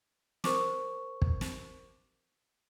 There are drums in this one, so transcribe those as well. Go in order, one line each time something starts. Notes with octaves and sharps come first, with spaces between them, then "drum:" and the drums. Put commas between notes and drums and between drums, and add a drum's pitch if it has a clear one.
A#4 C5 C#6 D6, drum: snare
drum: kick
drum: snare